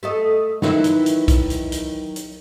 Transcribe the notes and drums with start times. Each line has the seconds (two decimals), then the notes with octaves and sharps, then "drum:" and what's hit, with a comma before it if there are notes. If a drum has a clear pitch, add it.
0.03 A3 A4 D#5
0.62 D#3 E3 F#3 E4, drum: snare
0.84 drum: hi-hat
1.06 drum: hi-hat
1.28 drum: kick B1, hi-hat
1.50 drum: hi-hat
1.72 drum: hi-hat
2.16 drum: hi-hat